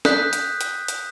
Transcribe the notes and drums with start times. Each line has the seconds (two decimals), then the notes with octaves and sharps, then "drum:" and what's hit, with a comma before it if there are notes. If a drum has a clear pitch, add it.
0.05 D#6 F#6 G6 B6, drum: snare
0.33 drum: hi-hat
0.61 drum: hi-hat
0.88 drum: hi-hat